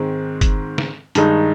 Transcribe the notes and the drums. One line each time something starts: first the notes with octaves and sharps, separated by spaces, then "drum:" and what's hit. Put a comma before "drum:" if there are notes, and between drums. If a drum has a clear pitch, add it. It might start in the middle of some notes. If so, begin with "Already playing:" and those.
Already playing: G#2 D#3 G#3 C4
drum: kick F#1, hi-hat
drum: snare
G2 D#3 G#3 D#4, drum: hi-hat